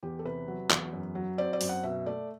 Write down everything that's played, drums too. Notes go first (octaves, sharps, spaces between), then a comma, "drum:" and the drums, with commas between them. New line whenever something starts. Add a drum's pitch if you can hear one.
E2 G4
A4
C3 B4
F#3
E2, drum: clap
F#2
F#3
C4 D5
D5
F#2, drum: open hi-hat
F#5
B2 E5
A3 D5